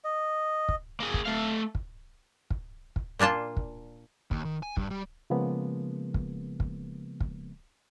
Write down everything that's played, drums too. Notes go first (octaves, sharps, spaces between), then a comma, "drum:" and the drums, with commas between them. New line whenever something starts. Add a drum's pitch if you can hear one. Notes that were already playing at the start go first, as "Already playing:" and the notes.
D#5
drum: kick
A#3 G#4
drum: kick
A3 F5
drum: kick
drum: kick
drum: kick
A#2 A#3 D4 F4 A5
drum: kick
D#2, drum: kick
D#3
G#5
G2, drum: kick
G3
C#3 F3 G#3 A#3 B3
drum: kick
drum: kick
drum: kick